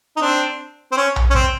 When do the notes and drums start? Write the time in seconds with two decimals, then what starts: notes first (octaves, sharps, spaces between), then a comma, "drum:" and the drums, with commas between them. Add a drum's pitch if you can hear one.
0.16 D#4
0.21 C4 D4
0.92 C4
0.97 C#4
1.16 drum: tom A#1
1.30 C#4
1.34 C4, drum: kick G#1